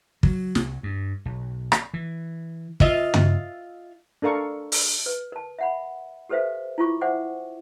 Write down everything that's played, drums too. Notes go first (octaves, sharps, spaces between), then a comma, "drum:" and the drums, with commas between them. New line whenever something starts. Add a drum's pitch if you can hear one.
F#3, drum: kick
C2, drum: snare
G2
B1
drum: rim click
E3
F4 D#5 E5, drum: kick
drum: tom
D4 A4 A#4 F5 C#6
drum: open hi-hat
B4
A#4 A5
E5 F#5 B5
G4 A4 B4 C5 E5 F5
E4 F4 C#6 D6
C5 E5 F#5 G5 D6